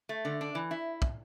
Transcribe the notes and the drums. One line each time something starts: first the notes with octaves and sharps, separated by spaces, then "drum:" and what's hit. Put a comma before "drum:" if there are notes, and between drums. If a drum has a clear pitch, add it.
A3
D3
D4
E3
E4
drum: kick